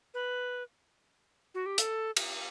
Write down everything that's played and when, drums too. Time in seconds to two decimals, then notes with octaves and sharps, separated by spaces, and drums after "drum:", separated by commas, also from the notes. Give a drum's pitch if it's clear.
0.14 B4
1.54 F#4
1.66 G4
1.78 A4, drum: hi-hat
2.17 drum: cymbal